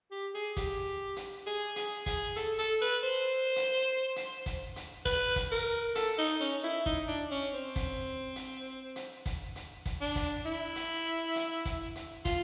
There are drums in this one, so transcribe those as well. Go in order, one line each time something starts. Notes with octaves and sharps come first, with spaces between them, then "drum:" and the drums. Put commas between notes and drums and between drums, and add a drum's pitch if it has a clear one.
G4
G#4
G4, drum: kick, hi-hat
drum: hi-hat
G#4
G#4, drum: hi-hat
G#4, drum: kick, hi-hat
A4, drum: hi-hat
A4
B4
C5
drum: hi-hat
drum: hi-hat
drum: kick, hi-hat
drum: hi-hat
B4, drum: kick, hi-hat
drum: kick, hi-hat
A#4
A4, drum: hi-hat
D#4
C#4
E4
D#4, drum: kick
D4
C#4
C4
drum: kick, hi-hat
drum: hi-hat
drum: hi-hat
drum: kick, hi-hat
drum: hi-hat
drum: kick, hi-hat
D4
drum: kick, hi-hat
E4
drum: hi-hat
drum: hi-hat
drum: kick, hi-hat
drum: hi-hat
F4, drum: kick, hi-hat